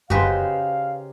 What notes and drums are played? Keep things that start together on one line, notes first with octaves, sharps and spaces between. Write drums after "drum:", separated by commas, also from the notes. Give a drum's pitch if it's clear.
C#3 D#4 F#4 G4 B4 C5 F5, drum: kick F#2